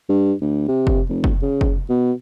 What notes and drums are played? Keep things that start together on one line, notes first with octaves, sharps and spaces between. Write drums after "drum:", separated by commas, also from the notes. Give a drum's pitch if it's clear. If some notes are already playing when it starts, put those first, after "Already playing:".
G2
D2
C3
drum: kick
F1
drum: kick
C#3
drum: kick
B2